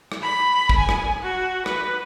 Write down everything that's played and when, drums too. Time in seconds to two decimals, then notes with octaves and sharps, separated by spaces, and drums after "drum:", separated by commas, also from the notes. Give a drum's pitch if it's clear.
0.12 drum: rim click
0.22 B5
0.69 drum: kick
0.78 G#5
0.89 drum: rim click
1.23 F#4
1.66 B4, drum: rim click